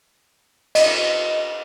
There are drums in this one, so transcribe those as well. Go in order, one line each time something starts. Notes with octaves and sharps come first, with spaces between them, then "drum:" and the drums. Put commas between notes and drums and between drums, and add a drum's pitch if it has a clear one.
D#5, drum: cymbal